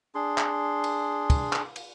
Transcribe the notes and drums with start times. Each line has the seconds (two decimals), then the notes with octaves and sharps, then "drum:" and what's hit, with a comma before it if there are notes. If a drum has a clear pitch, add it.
0.15 D4 G#4 C6
0.38 drum: clap
0.84 drum: cymbal
1.30 drum: kick, cymbal
1.53 drum: clap
1.76 drum: cymbal